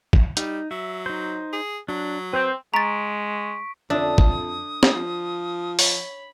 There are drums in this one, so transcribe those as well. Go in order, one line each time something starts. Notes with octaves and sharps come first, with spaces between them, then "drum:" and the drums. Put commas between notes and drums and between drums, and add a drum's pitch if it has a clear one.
drum: kick
G3 D#4, drum: hi-hat
F#3 E5
D#4 C5
G#4
F#3 D4
C4 B4 C5 G6
G#3 A#5 C#6 A6 B6 D7
F2 D3 D4 E5 D#6
drum: kick
drum: snare
F3
C#5 B5, drum: open hi-hat